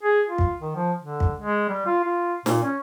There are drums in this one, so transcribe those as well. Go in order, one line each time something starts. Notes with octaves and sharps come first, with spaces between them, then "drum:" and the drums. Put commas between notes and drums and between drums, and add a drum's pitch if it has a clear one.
G#4
F4
drum: kick
D#3
F3
D3
drum: kick
G#3
G3
F4
F4
A#2, drum: snare
C#4